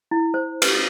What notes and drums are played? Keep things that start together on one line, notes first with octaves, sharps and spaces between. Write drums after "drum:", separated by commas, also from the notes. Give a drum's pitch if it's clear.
E4
C5
B4, drum: cymbal